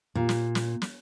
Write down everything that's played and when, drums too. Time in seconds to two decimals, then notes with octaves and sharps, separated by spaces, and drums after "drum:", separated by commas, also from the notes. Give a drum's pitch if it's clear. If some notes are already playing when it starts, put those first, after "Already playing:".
0.15 A#2
0.29 drum: snare
0.55 drum: snare
0.82 drum: snare